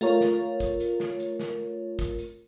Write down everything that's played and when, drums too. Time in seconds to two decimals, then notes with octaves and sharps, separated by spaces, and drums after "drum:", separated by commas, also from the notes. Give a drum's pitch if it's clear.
0.01 A3 F4 A#4 C#5, drum: hi-hat
0.21 drum: snare
0.60 drum: kick, hi-hat
0.80 drum: hi-hat
1.00 drum: snare
1.20 drum: hi-hat
1.39 drum: snare
1.99 drum: kick, hi-hat
2.19 drum: hi-hat